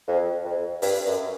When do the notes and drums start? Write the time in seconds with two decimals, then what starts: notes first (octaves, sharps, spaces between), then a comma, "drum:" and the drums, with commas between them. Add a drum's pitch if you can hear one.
0.08 F2
0.45 F2
0.82 G2, drum: open hi-hat
1.07 F#2